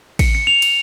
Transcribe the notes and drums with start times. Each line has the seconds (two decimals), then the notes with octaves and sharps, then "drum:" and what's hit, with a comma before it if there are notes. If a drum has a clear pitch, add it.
0.19 C#7, drum: kick, cymbal
0.35 C#7
0.47 F7
0.62 drum: cymbal